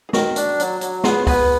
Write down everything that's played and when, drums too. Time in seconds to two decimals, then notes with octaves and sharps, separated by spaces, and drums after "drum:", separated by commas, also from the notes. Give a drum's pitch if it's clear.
0.09 G#4
0.13 D#3 F#4 A#4, drum: snare
0.36 D4, drum: hi-hat
0.60 F#3, drum: hi-hat
0.81 F#3, drum: hi-hat
1.04 B3 F4 G#4, drum: snare
1.27 B3 G#4 B4, drum: kick, open hi-hat